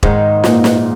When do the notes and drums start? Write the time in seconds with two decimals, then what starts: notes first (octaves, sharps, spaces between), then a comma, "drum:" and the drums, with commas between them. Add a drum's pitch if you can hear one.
0.03 G#2 D#3 G#3 D#4, drum: kick E1
0.44 A#2, drum: snare
0.64 drum: snare